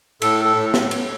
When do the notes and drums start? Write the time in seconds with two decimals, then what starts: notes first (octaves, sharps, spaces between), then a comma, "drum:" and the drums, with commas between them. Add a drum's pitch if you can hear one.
0.22 A2 A4, drum: cymbal
0.45 A4
0.57 A2
0.74 drum: snare
0.91 drum: cymbal